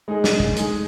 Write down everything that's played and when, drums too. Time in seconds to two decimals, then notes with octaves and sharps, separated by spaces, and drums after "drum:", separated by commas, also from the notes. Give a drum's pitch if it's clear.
0.08 G#3 D#4 G#4
0.24 drum: snare
0.40 drum: kick
0.56 G#3 D#4 G#4, drum: hi-hat